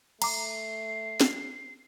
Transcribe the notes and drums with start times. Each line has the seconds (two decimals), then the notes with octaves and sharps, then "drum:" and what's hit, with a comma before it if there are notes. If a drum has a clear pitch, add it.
0.22 A3 A#5 D6 C7, drum: cymbal
1.21 drum: snare